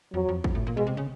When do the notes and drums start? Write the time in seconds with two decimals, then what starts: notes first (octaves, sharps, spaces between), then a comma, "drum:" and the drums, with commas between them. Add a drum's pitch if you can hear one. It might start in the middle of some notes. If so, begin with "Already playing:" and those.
0.13 F2 F#3
0.28 F2
0.44 F2, drum: kick
0.55 A2
0.67 A#2
0.76 B2 G#3
0.87 C3
0.97 C#3